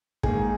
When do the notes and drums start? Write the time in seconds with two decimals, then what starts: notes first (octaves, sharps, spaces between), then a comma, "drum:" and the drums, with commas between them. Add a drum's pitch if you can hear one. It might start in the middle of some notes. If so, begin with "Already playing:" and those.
0.23 G#2 D#3 A#3 D#4 G#4, drum: kick